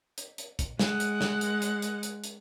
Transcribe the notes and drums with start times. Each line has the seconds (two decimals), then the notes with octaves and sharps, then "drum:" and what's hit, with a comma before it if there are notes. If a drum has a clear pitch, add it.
0.18 drum: hi-hat
0.38 drum: hi-hat
0.59 drum: kick, hi-hat
0.79 G#3 F#5, drum: snare
1.00 drum: hi-hat
1.21 drum: snare
1.41 drum: hi-hat
1.62 drum: hi-hat
1.82 drum: hi-hat
2.03 drum: hi-hat
2.24 drum: hi-hat